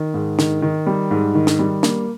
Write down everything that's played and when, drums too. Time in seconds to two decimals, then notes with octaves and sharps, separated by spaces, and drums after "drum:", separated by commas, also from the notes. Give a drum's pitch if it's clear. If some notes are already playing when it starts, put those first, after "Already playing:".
Already playing: D#3
0.14 G#2
0.39 D#3, drum: snare
0.62 D#3
0.87 G3
1.11 G#2
1.35 D#3
1.47 drum: snare
1.59 G3
1.83 A#3, drum: snare